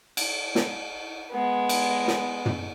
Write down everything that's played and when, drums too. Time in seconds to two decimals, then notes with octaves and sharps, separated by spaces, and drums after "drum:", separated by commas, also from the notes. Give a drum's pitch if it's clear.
0.17 drum: cymbal
0.55 drum: snare
1.31 G#3 B3
1.69 drum: cymbal
2.07 drum: snare
2.46 drum: tom